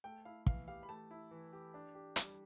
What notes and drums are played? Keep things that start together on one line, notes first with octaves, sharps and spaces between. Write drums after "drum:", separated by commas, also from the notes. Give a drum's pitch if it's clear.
A3 G5
E4 F5
E3 F5, drum: kick
G4 F5
B5
A3 A5
E4
E3
G4
D4
G4
G3, drum: hi-hat